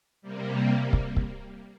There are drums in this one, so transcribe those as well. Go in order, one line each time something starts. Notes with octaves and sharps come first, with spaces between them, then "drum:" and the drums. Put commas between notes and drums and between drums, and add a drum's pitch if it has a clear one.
C3 G3 A#3
drum: kick
drum: kick